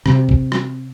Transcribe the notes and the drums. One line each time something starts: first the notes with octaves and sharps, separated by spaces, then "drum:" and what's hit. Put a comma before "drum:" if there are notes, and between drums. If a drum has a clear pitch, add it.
C3, drum: rim click
drum: kick G1
drum: rim click